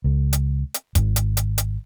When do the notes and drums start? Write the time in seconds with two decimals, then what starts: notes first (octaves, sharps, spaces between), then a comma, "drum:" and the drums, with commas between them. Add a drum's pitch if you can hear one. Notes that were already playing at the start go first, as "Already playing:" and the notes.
0.04 C#2
0.33 drum: hi-hat
0.74 drum: hi-hat
0.95 G#1, drum: kick, hi-hat
1.16 drum: hi-hat
1.37 drum: hi-hat
1.58 drum: hi-hat